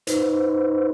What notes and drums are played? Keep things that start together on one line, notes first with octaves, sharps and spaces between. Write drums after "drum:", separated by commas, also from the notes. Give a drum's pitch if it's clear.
D#4 B4 C5, drum: hi-hat